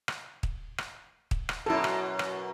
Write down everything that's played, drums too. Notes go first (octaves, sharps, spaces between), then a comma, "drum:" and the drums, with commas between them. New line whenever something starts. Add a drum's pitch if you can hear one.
drum: rim click
drum: kick
drum: rim click
drum: kick
drum: rim click
F#2 B2 E4 A4
drum: rim click
drum: rim click